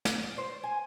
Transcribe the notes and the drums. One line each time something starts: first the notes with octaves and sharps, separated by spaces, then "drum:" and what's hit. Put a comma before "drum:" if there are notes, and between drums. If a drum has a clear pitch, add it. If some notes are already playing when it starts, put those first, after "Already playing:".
drum: snare
D5
C5
G#5